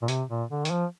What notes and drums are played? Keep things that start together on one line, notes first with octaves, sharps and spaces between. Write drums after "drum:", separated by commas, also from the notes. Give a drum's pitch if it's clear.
A#2
C3, drum: hi-hat
A#2
D3
D#3, drum: hi-hat
F3